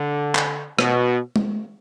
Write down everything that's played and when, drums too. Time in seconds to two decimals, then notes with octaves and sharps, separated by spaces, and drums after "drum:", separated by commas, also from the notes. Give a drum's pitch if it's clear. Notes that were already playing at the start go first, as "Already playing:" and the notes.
Already playing: D3
0.35 drum: clap
0.79 B2, drum: rim click
1.36 drum: tom